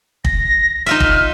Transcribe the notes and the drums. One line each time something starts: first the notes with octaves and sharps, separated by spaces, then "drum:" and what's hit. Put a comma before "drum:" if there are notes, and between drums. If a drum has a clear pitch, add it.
A#6, drum: kick
D#4 F4 E5 F6
drum: kick